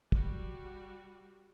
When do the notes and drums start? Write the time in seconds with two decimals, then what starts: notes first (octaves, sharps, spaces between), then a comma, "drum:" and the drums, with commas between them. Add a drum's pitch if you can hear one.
0.12 G3 F#4, drum: kick